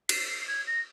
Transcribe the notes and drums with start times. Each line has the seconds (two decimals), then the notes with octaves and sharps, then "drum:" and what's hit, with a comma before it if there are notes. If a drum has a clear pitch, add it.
0.09 C7, drum: cymbal
0.28 C7
0.47 G#6
0.67 A#6